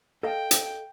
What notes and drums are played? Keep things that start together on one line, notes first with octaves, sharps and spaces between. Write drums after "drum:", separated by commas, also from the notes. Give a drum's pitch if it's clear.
A4 D#5 F5 G5
drum: hi-hat